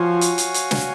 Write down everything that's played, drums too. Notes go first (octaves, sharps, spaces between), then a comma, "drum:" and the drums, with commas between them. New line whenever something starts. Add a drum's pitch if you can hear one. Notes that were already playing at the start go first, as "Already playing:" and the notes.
Already playing: F3 F#4 C#5 F5 G#5
drum: hi-hat
drum: hi-hat
drum: hi-hat
drum: snare